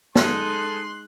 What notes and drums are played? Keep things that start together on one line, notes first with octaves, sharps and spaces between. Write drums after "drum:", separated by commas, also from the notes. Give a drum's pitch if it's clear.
G#3 D#4 A4 C6 F#6, drum: snare